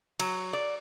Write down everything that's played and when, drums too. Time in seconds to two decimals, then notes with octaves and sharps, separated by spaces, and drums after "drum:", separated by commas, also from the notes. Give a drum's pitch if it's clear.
0.20 F#3, drum: cymbal
0.53 D5